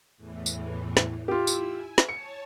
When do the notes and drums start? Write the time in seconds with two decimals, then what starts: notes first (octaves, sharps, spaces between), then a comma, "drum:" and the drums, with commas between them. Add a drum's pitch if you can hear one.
0.17 E2 A2 E3
0.46 drum: tambourine
0.97 drum: snare
1.28 E4 F4 G4 E5
1.47 drum: tambourine
1.73 G#5
1.98 drum: snare
2.09 C#5 A5 C#7